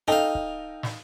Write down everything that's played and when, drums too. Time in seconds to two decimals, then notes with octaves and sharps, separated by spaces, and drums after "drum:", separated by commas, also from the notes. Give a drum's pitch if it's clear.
0.08 D#4 A4 D#5 F5 G5
0.35 drum: kick
0.83 drum: snare